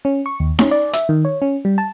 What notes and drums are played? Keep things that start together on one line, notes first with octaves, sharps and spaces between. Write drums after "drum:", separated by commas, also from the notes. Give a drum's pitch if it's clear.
C#4
C#6
D#2
C#4, drum: snare D#4
D5
E5, drum: hi-hat
D#3
C#5
C#4
G3
A5